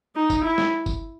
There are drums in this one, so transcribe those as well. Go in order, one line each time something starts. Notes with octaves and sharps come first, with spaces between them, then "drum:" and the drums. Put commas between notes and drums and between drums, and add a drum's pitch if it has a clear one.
D#4
drum: kick, tambourine
E4
drum: snare
drum: kick, tambourine